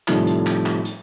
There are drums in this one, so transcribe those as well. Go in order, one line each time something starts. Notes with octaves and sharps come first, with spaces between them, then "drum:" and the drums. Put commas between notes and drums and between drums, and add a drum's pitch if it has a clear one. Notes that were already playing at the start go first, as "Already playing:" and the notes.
A2 C3 D#3 F3 G3 A3, drum: clap
drum: hi-hat
drum: clap
drum: clap
drum: hi-hat